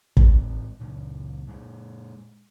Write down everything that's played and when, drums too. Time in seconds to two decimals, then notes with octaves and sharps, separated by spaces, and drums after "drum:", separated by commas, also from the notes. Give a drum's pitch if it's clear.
0.17 A2 G#3 C4, drum: kick
0.80 C#2 A#2
1.47 A#2 G#3